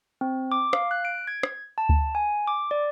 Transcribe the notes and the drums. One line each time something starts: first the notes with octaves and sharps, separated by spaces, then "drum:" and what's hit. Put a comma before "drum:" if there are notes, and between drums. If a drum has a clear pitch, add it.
C4
D6
F5, drum: rim click
F#6
D7
G#6
drum: rim click
A5
drum: kick D2
G#5
D6
D5